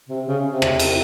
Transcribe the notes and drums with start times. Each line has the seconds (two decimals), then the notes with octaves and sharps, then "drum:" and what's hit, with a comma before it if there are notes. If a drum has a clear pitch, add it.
0.09 C3
0.27 C#3
0.45 C3
0.62 drum: rim click
0.79 drum: cymbal